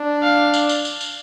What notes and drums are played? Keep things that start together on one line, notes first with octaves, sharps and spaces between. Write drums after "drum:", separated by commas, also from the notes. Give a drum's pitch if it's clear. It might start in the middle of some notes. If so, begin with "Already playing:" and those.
Already playing: D4
F5
drum: tambourine
drum: tambourine
drum: tambourine
drum: tambourine